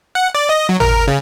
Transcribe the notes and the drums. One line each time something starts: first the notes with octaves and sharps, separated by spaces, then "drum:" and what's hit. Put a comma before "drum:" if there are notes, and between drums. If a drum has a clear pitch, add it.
F#5
D5
D#5
F#3
A#4, drum: tom G#1
C#3